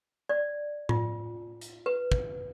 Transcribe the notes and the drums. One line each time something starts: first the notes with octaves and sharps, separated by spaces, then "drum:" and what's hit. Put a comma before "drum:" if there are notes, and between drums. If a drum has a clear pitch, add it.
D5
F4, drum: tom A2
drum: hi-hat
B4
drum: kick